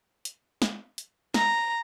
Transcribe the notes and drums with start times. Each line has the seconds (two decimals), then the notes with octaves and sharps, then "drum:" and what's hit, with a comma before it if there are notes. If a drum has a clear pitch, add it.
0.25 drum: hi-hat
0.62 drum: snare
0.98 drum: hi-hat
1.34 A#5, drum: snare